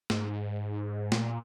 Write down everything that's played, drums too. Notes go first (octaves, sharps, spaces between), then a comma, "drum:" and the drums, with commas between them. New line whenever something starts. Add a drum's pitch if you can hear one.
G#2, drum: snare
A#2, drum: snare